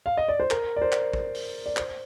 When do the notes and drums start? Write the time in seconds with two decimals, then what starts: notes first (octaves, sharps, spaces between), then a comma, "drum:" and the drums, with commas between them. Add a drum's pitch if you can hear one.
0.06 F5
0.17 D#5
0.28 D5
0.40 C5
0.50 A#4, drum: clap
0.76 D5
0.82 C5
0.92 drum: clap
1.13 drum: kick
1.35 drum: open hi-hat
1.66 D5
1.77 C5, drum: clap